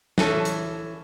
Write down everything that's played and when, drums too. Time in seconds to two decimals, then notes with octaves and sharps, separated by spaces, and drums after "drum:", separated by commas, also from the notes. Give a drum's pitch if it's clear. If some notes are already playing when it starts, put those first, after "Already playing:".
0.18 E3 C#4 A4, drum: snare
0.45 drum: hi-hat